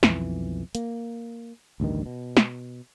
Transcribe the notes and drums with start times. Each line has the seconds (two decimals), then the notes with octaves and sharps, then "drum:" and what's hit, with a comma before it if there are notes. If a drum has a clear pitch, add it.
0.03 B1 F2 E3, drum: snare
0.75 A#3, drum: hi-hat
1.80 A1 D2 G2 D#3
2.06 B2
2.37 drum: snare